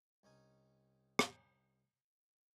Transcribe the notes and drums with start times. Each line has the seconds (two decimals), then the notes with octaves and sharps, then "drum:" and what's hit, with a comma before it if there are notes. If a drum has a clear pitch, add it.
0.23 C2 C#4 D#4 G#5
1.19 drum: rim click